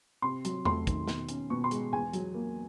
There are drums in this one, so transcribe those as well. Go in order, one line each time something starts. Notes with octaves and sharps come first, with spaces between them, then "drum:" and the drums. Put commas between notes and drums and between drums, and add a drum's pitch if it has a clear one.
C3 C6
F#3, drum: hi-hat
A3 C6, drum: tom E2
D#3, drum: kick, hi-hat
B2, drum: snare
C#4, drum: hi-hat
B2 C#6
C6
G#3, drum: hi-hat
E2 G#5
F#3, drum: hi-hat
A#3